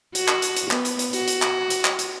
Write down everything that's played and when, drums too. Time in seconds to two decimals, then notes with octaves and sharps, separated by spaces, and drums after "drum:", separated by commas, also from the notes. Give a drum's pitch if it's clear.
0.15 F#4, drum: hi-hat
0.28 drum: clap
0.42 drum: hi-hat
0.56 drum: hi-hat
0.71 B3, drum: clap
0.85 drum: hi-hat
0.99 drum: hi-hat
1.13 F#4, drum: hi-hat
1.28 drum: hi-hat
1.42 drum: clap
1.70 drum: hi-hat
1.85 drum: clap
1.99 drum: hi-hat